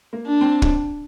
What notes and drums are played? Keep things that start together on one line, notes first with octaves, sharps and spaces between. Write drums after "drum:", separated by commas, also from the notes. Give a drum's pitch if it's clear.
A#3
D4
C4
drum: kick